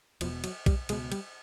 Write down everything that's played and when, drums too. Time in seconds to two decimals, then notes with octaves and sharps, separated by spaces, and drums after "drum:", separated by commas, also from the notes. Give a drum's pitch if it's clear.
0.21 E1 E2 B2 F3, drum: cymbal
0.44 F#3, drum: cymbal
0.66 G3, drum: kick B1, cymbal
0.89 C#2 B2 G#3, drum: cymbal
1.12 G3, drum: cymbal